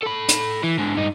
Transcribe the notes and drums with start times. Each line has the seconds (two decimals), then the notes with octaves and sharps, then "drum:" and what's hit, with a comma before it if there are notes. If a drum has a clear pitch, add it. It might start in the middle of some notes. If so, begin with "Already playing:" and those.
0.02 A4 B5
0.29 drum: hi-hat
0.63 E3
0.78 G#2 D3
0.97 G2 D#4